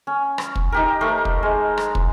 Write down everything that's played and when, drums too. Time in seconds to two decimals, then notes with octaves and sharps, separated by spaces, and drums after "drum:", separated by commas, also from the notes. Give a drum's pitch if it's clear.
0.07 C#4
0.38 drum: rim click
0.55 drum: kick
0.72 D#4 G4 A#4
1.01 A3 A4 A#4 C5
1.25 drum: kick
1.43 G#3
1.78 drum: rim click
1.95 drum: kick